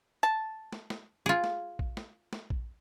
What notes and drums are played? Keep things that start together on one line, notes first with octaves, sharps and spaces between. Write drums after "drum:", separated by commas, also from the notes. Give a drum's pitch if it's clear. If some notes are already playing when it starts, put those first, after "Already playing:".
A5
drum: snare
drum: snare
F4 G#4
drum: snare
drum: kick A#1
drum: snare
drum: snare
drum: kick A#1